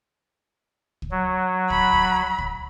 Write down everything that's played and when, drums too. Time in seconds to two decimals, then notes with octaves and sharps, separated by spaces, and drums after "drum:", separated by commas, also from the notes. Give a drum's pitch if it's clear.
1.02 drum: kick
1.11 F#3
1.70 B5, drum: kick
1.93 drum: kick
2.38 drum: kick